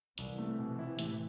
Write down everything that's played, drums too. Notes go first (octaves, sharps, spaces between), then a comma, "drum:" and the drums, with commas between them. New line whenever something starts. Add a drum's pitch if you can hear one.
C2 C3 E3, drum: hi-hat
A3
B2
E4
A2, drum: hi-hat